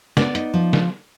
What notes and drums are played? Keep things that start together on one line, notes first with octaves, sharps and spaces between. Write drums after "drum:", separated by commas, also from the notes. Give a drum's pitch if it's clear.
B3 D5, drum: snare
D#4, drum: hi-hat
F3
drum: snare